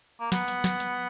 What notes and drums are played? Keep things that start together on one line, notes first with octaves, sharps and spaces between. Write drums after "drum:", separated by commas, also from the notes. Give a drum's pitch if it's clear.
A#3
B3, drum: snare
drum: hi-hat
drum: snare
drum: hi-hat